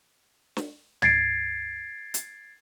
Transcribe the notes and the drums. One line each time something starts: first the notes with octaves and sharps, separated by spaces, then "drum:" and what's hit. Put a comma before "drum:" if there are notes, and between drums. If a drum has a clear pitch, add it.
drum: snare
G#6 A6 C7 D7, drum: tom
drum: hi-hat